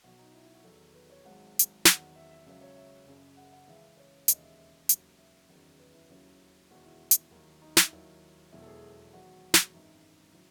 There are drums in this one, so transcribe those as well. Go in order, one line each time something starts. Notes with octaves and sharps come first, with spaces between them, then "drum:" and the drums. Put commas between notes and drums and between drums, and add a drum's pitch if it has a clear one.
B1 B2 F#3 F#4
D#4
E4
E4
F#4
E2 D#3 F#3 A4
B4
C#5
G#1 G#2 F#3 F#5
drum: hi-hat
E2 D#3 F#3 F#5, drum: snare
E5
E5
C#2 C#3 F#3 E5
C#5
E5
F#1 F#2 C#3
F#5
F#5
C#2 C#3 E3 E5
C#5
E1 D#2 C#3 E3 D#5, drum: hi-hat
E5
E5
D#2 C#3 F#3, drum: hi-hat
E5
F#1 E2 D#3 F#3
B4
E4
D#2 C#3 F#3
E1 E2 D#3 F#4
E4
drum: hi-hat
D#2 D#3 F#3
D#4
E4, drum: snare
D#2 D#3 F#3
E1 E2 B2 F#3 E4
A4
G#4
E2 D#3 F#3 F#4
drum: snare
G#1 F#2 E3 D#4
C#3 F#3 E4